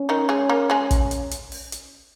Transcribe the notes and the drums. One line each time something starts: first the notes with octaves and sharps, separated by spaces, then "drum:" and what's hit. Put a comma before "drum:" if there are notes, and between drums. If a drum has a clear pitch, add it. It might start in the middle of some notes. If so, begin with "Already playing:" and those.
Already playing: C#4
D#3 D#4
G#3 G#4
A#3 A#4
G#3 G#4
drum: kick, hi-hat
drum: hi-hat
drum: hi-hat
drum: open hi-hat
drum: hi-hat